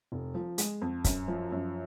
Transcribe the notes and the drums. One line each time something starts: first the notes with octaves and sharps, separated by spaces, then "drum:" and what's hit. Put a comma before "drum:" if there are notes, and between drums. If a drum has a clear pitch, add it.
F1
F3
G#3, drum: hi-hat
F2
F#2, drum: kick, hi-hat
F3
F#2